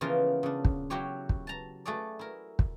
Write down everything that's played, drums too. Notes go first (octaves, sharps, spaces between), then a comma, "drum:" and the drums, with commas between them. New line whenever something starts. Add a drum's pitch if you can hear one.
C#3 E3 F3 A#3 B3 F4
C#3 D4
drum: kick
F#3 E4 F#4 G4 C#5
drum: kick
A5 A#5
A3 F#4 G#4 A4 D5
E4 A#4
drum: kick